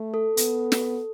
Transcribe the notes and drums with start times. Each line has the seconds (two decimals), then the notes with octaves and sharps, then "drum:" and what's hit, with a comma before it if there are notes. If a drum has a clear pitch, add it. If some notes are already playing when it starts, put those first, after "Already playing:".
Already playing: A3
0.14 A4
0.37 B3, drum: hi-hat
0.72 drum: snare